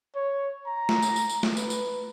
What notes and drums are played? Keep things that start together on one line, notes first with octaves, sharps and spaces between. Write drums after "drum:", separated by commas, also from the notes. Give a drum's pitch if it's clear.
C#5
A#5
drum: snare A3
drum: tambourine
drum: tambourine
drum: tambourine
drum: snare A3
B4, drum: tambourine
drum: tambourine